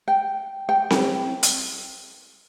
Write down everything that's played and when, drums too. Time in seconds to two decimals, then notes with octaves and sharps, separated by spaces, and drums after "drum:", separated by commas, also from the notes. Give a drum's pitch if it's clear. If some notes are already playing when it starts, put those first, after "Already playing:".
0.08 G5
0.69 G5
0.90 drum: snare C4
1.43 drum: hi-hat